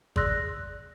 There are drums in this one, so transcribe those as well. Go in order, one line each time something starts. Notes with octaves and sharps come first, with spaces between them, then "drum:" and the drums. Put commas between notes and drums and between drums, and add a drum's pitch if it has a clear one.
G#4 D5 C6 E6 F#6 A#6, drum: kick